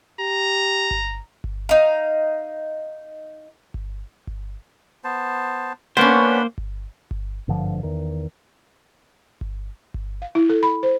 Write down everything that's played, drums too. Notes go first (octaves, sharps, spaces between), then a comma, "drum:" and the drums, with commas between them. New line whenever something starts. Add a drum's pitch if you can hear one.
G4 A#5
drum: kick G1
drum: kick G1
D#4 F5
drum: kick G1
drum: kick G1
B3 C5 A5
A#3 B3 C#4 D4 C5 F#5 B5
drum: kick G1
drum: kick G1
G#1 G2 D3 F3
E2 D#3
drum: kick G1
drum: kick G1
F5
E4
A4
B5
C5